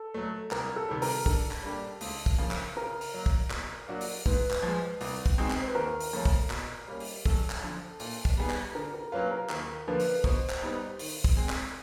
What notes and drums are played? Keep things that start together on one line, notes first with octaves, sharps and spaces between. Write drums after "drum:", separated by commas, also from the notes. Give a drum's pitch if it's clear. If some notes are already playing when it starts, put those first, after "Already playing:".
Already playing: A4
F#3 A3
C2 A#4, drum: clap
A4
C3 D#3 G3
A#4, drum: open hi-hat
D3 A4, drum: kick
drum: clap
G3 A#3 D4 G4
C#2, drum: open hi-hat
drum: kick
C#3 F3 A#3
drum: clap
C#3 A#4
drum: open hi-hat
F#3 A#3
drum: kick
B2, drum: clap
F#3 A#3 D4 F#4
drum: open hi-hat
G#2 B4, drum: kick
drum: clap
F3 G#3
C2, drum: open hi-hat
drum: kick
B2 G#3 C4 D#4
drum: clap
C5
B4
D#2 A#4
drum: open hi-hat
C#3 F3 A3 C#4
drum: kick
B2, drum: clap
G3 A#3 C#4
drum: open hi-hat
F#2 A4, drum: kick
drum: clap
D3 F3
A#2, drum: open hi-hat
drum: kick
G3 B3 D#4 G#4
drum: clap
D3 A#4
A#4
F#3 A#3 C#4 F4 B4
A#4
D#2 A#4, drum: clap
D3 F3 A#3 B4
drum: open hi-hat
B2 C5, drum: kick
drum: clap
G3 B3 D#4
D#3, drum: open hi-hat
drum: kick
G#3 C4
drum: clap